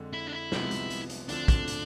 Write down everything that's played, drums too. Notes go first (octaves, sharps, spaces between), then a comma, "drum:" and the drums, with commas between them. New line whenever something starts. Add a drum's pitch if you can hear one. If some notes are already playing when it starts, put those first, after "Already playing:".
Already playing: F2 D3 G#3
E4
D4
E4
C2 C3 F3 G#3 B3, drum: snare
drum: hi-hat
drum: hi-hat
drum: hi-hat
D2 D3 F3 A3 C4 D4, drum: hi-hat
drum: kick, hi-hat
drum: hi-hat